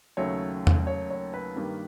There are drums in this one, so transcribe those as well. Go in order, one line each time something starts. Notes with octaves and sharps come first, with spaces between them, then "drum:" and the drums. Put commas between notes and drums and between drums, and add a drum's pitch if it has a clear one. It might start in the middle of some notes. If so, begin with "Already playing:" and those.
D#2 C#3 F#3 A3 C#5
drum: tom E2
C#5
C#5
B4
G2 D#3 G3 A#3